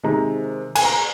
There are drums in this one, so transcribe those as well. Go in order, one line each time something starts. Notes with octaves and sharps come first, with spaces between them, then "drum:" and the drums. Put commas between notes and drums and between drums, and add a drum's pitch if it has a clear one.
C3 D#3 G#3 A#5
G#5, drum: cymbal
A#5